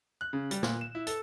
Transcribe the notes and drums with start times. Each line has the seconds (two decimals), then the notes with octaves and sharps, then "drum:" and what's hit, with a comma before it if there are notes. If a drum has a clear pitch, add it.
0.21 F#6
0.33 C#3
0.51 G3, drum: hi-hat
0.63 A#2, drum: snare
0.81 E7
0.95 E4
1.07 A4, drum: hi-hat